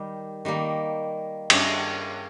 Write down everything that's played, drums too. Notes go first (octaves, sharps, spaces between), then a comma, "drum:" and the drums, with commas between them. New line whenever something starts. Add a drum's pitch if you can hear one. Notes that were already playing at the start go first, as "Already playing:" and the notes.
Already playing: D#3 G3
D#3 G3 A#3
G2 G3 C#4 G#4 D#5, drum: cymbal